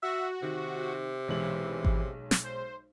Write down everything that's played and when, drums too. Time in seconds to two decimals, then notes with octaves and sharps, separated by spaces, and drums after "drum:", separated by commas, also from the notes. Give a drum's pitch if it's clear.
0.03 F#4 E5
0.42 C3 D#3
1.28 B1 E3 G#3 F#7
1.85 drum: kick G#1
2.31 drum: snare
2.43 C5